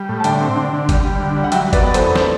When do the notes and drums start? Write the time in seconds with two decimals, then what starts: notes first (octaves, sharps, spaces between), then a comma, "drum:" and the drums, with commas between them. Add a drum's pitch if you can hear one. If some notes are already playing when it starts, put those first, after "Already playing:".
Already playing: G3
0.09 A2
0.20 A5
0.24 D3 E5 G5, drum: hi-hat
0.41 C4
0.56 D3
0.73 D3
0.89 G3, drum: kick G1, hi-hat
1.05 G3
1.20 D3
1.36 G3
1.44 F#5
1.52 F#3 E5 G5, drum: hi-hat
1.68 F#3
1.73 B4 D5, drum: kick G1, hi-hat
1.83 B3
1.94 A4 C5, drum: hi-hat
1.99 E2
2.15 A4 C5, drum: snare